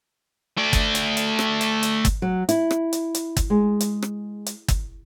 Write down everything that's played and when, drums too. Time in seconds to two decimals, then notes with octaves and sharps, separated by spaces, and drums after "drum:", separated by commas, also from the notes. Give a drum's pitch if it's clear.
0.58 A3 D5
0.73 drum: kick, hi-hat
0.95 drum: hi-hat
1.17 drum: hi-hat
1.39 drum: rim click
1.61 drum: hi-hat
1.83 drum: hi-hat
2.05 drum: kick, hi-hat
2.22 F#3
2.49 E4, drum: hi-hat
2.71 drum: rim click
2.93 drum: hi-hat
3.15 drum: hi-hat
3.37 drum: kick, hi-hat
3.50 G#3
3.80 drum: hi-hat
4.02 drum: rim click
4.46 drum: hi-hat
4.68 drum: kick, hi-hat